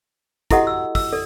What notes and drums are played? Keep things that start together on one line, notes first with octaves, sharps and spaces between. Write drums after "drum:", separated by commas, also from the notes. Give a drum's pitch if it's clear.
E4 F#4 G4 A4 D#5 F#5, drum: kick, hi-hat
E6
E6, drum: kick, open hi-hat
A4 D5